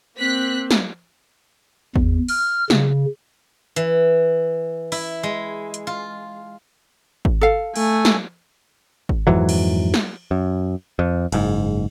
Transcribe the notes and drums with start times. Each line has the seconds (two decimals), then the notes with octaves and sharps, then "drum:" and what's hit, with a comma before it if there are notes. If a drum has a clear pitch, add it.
0.18 A#3 C4 F#6 B6
0.71 drum: snare
1.96 E2, drum: kick G#1
2.28 F6, drum: open hi-hat
2.70 C#3, drum: snare
3.76 E3, drum: hi-hat
4.92 E4, drum: open hi-hat
5.23 G#3
5.74 drum: hi-hat
5.87 F4
7.25 drum: kick G#1
7.41 A4 F5
7.76 A3 G#5, drum: open hi-hat
8.05 drum: snare
9.09 drum: kick G#1
9.27 F2 G#2 E3 F#3
9.49 drum: cymbal
9.94 drum: snare
10.31 F#2
10.99 F2
11.32 F#1 G#2, drum: cymbal